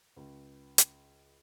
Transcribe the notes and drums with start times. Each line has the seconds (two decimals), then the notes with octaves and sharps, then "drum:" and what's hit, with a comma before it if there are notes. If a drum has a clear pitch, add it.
0.16 C#2
0.78 drum: hi-hat